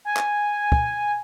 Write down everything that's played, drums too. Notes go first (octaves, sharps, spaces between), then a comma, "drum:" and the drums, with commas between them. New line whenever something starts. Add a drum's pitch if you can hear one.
G#5
drum: clap
drum: kick